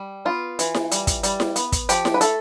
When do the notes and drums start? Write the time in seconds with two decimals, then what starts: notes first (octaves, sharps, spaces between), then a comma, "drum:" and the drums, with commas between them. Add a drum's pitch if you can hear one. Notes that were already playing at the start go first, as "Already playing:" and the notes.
Already playing: G3
0.25 B3 F4
0.59 E3, drum: hi-hat
0.75 drum: snare E4
0.91 G3, drum: hi-hat
1.07 drum: kick, hi-hat
1.23 G3, drum: hi-hat
1.40 drum: snare E4
1.56 B3, drum: hi-hat
1.72 drum: kick, hi-hat
1.89 F3 G4, drum: hi-hat
2.05 drum: snare E4
2.14 B4
2.21 A3 A4, drum: hi-hat